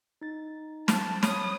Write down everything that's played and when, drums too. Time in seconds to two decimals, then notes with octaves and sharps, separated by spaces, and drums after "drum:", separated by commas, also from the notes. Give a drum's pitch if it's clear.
0.21 D#4 A6
0.88 A5, drum: snare
1.23 C#5 B5 D#6, drum: snare